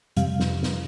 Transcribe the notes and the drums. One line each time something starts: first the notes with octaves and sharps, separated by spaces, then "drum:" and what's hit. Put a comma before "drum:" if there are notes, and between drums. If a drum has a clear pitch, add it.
F2 C3 G3 F5, drum: hi-hat
drum: snare
drum: snare